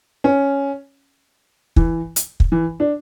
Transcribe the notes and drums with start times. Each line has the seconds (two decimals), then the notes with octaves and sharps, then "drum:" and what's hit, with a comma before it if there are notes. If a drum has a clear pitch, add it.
0.24 C#4
1.76 E3, drum: kick
2.16 drum: hi-hat
2.40 drum: kick
2.52 E3
2.80 D4